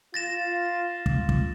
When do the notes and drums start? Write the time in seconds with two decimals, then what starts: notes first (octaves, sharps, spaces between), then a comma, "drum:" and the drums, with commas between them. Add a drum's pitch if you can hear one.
0.14 F4 A6 A#6 E7
1.06 drum: kick
1.29 drum: kick